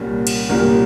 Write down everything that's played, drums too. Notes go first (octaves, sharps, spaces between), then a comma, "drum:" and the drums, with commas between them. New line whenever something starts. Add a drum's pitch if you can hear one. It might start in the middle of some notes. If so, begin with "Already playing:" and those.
Already playing: C2 A#2 G3 A#3 C#4
drum: cymbal
C2 A#2 G3 A#3 C#4 A#4